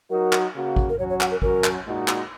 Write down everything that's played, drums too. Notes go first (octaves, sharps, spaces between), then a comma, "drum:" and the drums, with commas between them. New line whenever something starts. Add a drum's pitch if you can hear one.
F#3 D#4 F#4 A#4
drum: clap
C#3 A#3 F#4
drum: kick
A#4
F#3 C#4 F#4 C#5
C#5
F#5, drum: clap
A#4
F#3 C#4 F#4 A#4, drum: kick
drum: clap
A#2 G#3 D#4 F#4
drum: clap